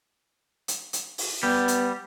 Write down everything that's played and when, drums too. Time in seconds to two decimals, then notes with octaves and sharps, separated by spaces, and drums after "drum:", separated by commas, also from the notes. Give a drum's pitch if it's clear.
0.68 drum: hi-hat
0.93 drum: hi-hat
1.18 drum: open hi-hat
1.43 G3 B3
1.68 drum: hi-hat